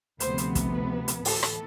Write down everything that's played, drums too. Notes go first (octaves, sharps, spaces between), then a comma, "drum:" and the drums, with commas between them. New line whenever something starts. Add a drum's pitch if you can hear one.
D2 C3 F3 B3 C5, drum: hi-hat
drum: hi-hat
drum: kick, hi-hat
B4
drum: hi-hat
A2 E3 B3 A4, drum: open hi-hat
drum: rim click